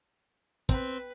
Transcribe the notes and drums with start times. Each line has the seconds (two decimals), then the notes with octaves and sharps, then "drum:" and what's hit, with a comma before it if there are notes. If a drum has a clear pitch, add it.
0.69 C4 B4, drum: kick